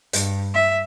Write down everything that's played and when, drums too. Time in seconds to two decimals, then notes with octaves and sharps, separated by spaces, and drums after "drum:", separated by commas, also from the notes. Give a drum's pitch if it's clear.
0.13 G2, drum: hi-hat
0.54 E5